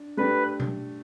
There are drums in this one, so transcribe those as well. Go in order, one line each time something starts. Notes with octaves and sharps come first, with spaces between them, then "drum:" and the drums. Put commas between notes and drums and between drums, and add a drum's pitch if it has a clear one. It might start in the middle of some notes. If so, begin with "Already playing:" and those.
Already playing: D4
A3 D4 G4 B4
drum: tom B2